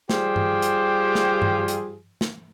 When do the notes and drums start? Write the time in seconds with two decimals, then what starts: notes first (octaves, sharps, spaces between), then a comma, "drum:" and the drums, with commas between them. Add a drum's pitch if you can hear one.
0.10 G3 F4 G4 G#4 C5, drum: snare
0.36 drum: tom G2
0.62 drum: hi-hat
1.15 drum: snare
1.42 drum: tom G2
1.68 drum: hi-hat
2.21 drum: snare